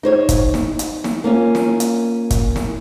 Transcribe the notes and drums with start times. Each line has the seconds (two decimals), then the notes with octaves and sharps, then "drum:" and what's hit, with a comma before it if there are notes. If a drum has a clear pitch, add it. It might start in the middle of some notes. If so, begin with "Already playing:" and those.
0.03 D#4 C5 C#5
0.29 drum: kick, hi-hat
0.54 drum: snare
0.79 drum: hi-hat
1.04 drum: snare
1.24 A#3 C#4 F4
1.55 drum: snare
1.80 drum: hi-hat
2.30 drum: kick, hi-hat
2.56 drum: snare